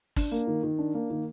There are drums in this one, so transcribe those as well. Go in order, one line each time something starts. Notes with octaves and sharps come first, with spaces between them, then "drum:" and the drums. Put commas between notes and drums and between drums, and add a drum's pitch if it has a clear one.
D4, drum: kick, open hi-hat
A#3
D#3
D#3
D4
A#3
D#3